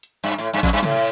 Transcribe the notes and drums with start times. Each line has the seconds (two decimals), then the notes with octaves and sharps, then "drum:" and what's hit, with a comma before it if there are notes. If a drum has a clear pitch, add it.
0.03 drum: hi-hat
0.24 G2
0.38 A2
0.53 G2
0.63 F2, drum: kick A1
0.73 G2
0.83 A2, drum: tom C3